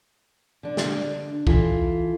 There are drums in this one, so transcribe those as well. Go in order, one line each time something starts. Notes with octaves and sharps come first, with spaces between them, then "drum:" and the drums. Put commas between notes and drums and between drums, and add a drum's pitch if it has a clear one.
D3 D4
drum: snare
E3 F4 A4, drum: kick B1